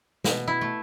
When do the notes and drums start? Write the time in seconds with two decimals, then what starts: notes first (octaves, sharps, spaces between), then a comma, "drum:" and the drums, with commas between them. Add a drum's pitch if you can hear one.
0.24 B2, drum: snare
0.47 E4
0.61 A3